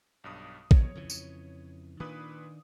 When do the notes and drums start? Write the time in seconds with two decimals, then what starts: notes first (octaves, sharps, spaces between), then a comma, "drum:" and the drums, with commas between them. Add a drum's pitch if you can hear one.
0.24 B1 G2 D#6
0.71 B1 B2 C#5, drum: kick A#1
0.95 F2 C#3 E3
1.10 drum: tambourine
2.00 A#2 D#3 D4 B4 D#6